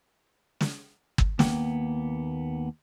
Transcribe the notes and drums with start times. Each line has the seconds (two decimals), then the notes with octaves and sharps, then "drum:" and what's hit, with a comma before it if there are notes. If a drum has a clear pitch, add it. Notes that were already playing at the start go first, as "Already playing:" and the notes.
0.61 drum: snare
1.18 drum: kick
1.39 D#2 A#3 B3 G5, drum: snare